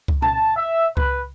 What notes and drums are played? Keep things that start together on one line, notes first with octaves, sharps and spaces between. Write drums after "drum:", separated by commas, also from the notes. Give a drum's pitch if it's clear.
drum: kick C#2
A5, drum: tom
E5
B4, drum: kick C#2